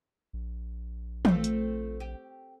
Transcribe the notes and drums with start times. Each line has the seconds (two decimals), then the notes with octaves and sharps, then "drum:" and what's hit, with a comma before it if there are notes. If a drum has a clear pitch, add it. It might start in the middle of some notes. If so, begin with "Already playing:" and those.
0.33 A#1
1.25 A3 C4 F4, drum: tom
1.44 drum: hi-hat
2.00 G4